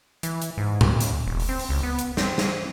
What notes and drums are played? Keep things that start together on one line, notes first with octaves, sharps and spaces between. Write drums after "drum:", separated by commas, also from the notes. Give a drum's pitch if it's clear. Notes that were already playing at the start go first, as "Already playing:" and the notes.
E3, drum: hi-hat
drum: hi-hat
G#2
D2, drum: tom A2
drum: hi-hat
E1
drum: open hi-hat
C4
drum: open hi-hat
C#2
B3
drum: hi-hat
C4, drum: snare
drum: snare